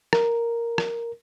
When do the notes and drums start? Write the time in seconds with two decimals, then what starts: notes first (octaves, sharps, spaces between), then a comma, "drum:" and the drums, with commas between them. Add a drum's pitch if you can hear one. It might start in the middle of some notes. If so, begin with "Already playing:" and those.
0.13 A#4, drum: rim click
0.78 drum: rim click